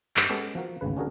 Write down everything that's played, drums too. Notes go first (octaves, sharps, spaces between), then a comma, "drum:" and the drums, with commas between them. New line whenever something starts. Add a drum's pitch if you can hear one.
G2, drum: clap
G#3 B3 C#4 G4 A4
F3 F#4 A#4
G#1 D2 C#3 B4
C#4 D4 F#4 G#4 A#4